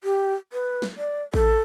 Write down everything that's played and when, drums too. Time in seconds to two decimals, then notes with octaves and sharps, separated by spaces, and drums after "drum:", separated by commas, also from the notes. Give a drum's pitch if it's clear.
0.04 G4
0.53 B4
0.82 drum: snare
0.98 D5
1.34 A4, drum: kick A1